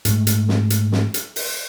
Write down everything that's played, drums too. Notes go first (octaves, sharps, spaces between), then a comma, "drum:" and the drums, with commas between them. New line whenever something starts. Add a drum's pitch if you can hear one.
G#2 A3, drum: hi-hat
drum: hi-hat
drum: snare
drum: hi-hat
drum: snare
drum: hi-hat
drum: open hi-hat